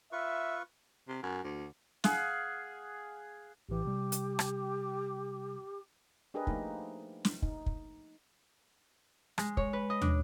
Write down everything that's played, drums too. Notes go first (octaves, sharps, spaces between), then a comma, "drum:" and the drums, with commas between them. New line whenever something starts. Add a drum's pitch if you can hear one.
F4 B4 E5 C#6
C3
F#2
D2
G#4 F5 F#5, drum: snare
A#1 A2 E3 G4
C3 G3
drum: hi-hat
drum: rim click
D4 G4 G#4 A#4 B4 D#5
F3 A3 A#3 D#4, drum: kick
drum: snare
D#4, drum: kick
drum: kick
G#3, drum: rim click
C#5, drum: kick
B4
D#5
D4, drum: tom